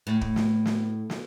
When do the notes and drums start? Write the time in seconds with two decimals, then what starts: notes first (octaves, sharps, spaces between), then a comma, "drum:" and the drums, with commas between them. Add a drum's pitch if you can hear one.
0.07 A2
0.21 drum: kick
0.36 drum: snare
0.66 drum: snare
1.10 drum: snare